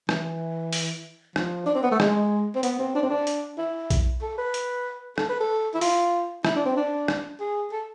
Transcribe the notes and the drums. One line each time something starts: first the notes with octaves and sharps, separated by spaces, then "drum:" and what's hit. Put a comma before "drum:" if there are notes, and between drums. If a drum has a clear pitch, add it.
E3, drum: rim click
drum: open hi-hat
F3, drum: rim click
D4
C4
B3
A3
G#3, drum: rim click
C4
B3, drum: hi-hat
C4
D4
C4
D4
drum: hi-hat
E4
drum: kick B1, hi-hat
A4
B4
drum: hi-hat
A4, drum: rim click
B4
A4
E4
F4, drum: open hi-hat
E4, drum: rim click
D4
C4
D4
drum: rim click
G#4
A4